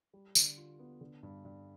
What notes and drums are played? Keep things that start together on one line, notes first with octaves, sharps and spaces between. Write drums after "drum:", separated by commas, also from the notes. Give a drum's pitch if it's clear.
G3
D3, drum: tambourine
F4
B3
D3
G2
G2